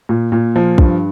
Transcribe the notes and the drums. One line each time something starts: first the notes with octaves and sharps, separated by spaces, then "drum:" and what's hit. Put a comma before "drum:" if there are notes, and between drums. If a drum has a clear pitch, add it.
A#2
A#2
F3
G2, drum: kick